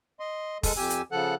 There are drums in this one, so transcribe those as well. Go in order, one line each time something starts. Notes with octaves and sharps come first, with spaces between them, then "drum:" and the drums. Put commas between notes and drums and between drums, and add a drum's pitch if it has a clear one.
D#5 C6
G#3 A4, drum: kick, open hi-hat
F2 G4 G#5 E6
drum: hi-hat
C#3 F3 A4 F#5 F#6